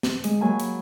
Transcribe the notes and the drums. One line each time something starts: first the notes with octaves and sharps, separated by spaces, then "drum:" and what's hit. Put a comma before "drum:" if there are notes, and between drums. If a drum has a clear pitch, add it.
drum: snare
G#3, drum: hi-hat
F#3 A#3 G#5 B5
drum: hi-hat